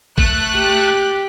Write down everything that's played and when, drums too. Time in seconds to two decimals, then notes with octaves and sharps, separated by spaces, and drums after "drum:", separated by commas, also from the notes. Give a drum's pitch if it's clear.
0.18 A3 F#6, drum: kick G1
0.56 G4